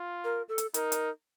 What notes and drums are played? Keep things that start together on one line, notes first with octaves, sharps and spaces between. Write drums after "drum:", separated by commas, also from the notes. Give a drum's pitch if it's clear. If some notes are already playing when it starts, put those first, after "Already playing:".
Already playing: F4
A#4
A4
drum: hi-hat
D#4 A#4, drum: hi-hat
drum: hi-hat